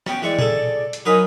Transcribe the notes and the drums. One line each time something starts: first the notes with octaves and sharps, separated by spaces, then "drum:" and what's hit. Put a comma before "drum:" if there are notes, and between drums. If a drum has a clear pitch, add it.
B3 C#4 G5, drum: rim click
E3 G#3 D5 C#6
G#4 A4, drum: tom A#2
drum: hi-hat
F#3 D#4 A#4 B4 G#5 D#6